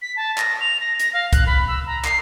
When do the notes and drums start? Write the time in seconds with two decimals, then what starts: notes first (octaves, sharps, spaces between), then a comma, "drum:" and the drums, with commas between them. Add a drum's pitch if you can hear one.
0.02 B6
0.16 A5
0.38 A#6, drum: clap
0.61 F7
0.80 A#6
1.00 A#6, drum: hi-hat
1.14 F5
1.33 F#6, drum: kick C2, hi-hat
1.47 B5
1.68 E6
1.87 A#5
2.05 C7, drum: clap